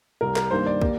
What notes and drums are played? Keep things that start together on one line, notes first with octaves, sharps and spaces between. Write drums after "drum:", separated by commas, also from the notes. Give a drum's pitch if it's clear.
C2 C3 G3 A#4
A#4, drum: clap
G2 D#3 A#3 C5
D5
G3 A#3, drum: kick